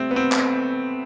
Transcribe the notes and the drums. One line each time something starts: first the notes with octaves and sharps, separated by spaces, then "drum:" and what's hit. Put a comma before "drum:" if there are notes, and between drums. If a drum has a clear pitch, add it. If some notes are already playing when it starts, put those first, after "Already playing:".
Already playing: G3 A3 C4
B3
C4
drum: clap